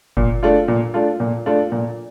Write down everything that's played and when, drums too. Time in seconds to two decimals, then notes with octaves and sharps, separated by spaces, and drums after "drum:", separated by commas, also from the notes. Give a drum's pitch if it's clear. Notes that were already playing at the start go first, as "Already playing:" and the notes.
0.17 A#2, drum: kick F#1
0.43 A3 D4 F4
0.68 A#2
0.94 A3 D4 F4
1.20 A#2
1.46 A3 D4 F4
1.72 A#2